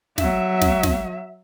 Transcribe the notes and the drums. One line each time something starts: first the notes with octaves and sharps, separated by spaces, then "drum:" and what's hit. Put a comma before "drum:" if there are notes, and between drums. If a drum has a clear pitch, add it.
F#3 E5, drum: snare
drum: snare
drum: snare